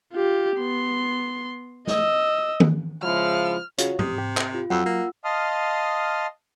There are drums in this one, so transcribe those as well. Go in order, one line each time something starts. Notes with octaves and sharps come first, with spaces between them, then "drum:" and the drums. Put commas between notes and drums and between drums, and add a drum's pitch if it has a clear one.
F4 G4
B3 C6
D#5 E6, drum: snare
drum: tom D#3
C#3 F3 G#3 E4 F6
C#3 F4 F#4 C#5, drum: hi-hat
C3 D#6, drum: tom G#2
G4
drum: clap
F4
F2 F#3 F#5 E6
A#3 F4
D#5 F5 A5 C6 D#6 F6